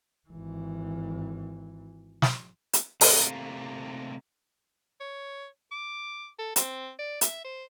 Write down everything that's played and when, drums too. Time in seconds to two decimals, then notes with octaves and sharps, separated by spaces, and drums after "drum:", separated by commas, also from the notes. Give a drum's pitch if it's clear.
0.29 G#1 E3
2.22 drum: snare
2.73 drum: hi-hat
3.01 C3 A3 A#3, drum: open hi-hat
5.00 C#5
5.71 D6
6.39 A4
6.56 C4, drum: hi-hat
6.99 D5
7.21 E5, drum: hi-hat
7.45 C5